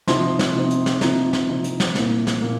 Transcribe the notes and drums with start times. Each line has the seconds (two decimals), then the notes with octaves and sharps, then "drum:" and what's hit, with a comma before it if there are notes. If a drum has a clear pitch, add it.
0.07 C3 F3 C4 D#4 C6, drum: snare
0.39 drum: snare
0.55 C3 F3 C4 D#4
0.70 drum: hi-hat
0.86 drum: snare
1.01 C3 F3 C4 D#4 A#5, drum: snare
1.33 drum: snare
1.48 C3 F3 C4 D#4
1.64 drum: hi-hat
1.80 drum: snare
1.95 C2 A#2 A#3, drum: snare
2.27 drum: snare
2.42 A#2 A#3